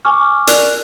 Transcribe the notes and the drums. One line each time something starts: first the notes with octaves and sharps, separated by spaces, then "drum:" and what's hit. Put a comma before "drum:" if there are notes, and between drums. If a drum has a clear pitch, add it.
G#5 C#6 D6 F6
A#4 D5 F#6 F7, drum: hi-hat